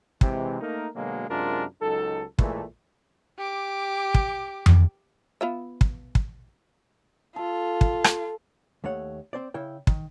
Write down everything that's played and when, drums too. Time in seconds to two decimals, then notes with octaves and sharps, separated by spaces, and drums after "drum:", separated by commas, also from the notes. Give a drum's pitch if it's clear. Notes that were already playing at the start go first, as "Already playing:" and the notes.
0.21 C3 E3 G#3, drum: kick
0.61 A3 A#3 D#4 A#4
0.95 B2 D3 F#3 G#3 A#3
1.28 F#2 C3 G#3 D4 F4 A#4
1.81 C#2 F#3 D#4 A4
2.39 A#2 E3 G#3 A3, drum: kick
3.38 G4 D6
4.14 drum: kick
4.66 drum: tom F2
5.41 B3 F4 E5
5.81 drum: kick
6.15 drum: kick
7.36 F4 A4
7.81 drum: kick
8.04 drum: rim click
8.84 D#2 A3 C#5 F#5
9.33 C4 C5 D5
9.54 C#3 E4 G5
9.87 D#3, drum: kick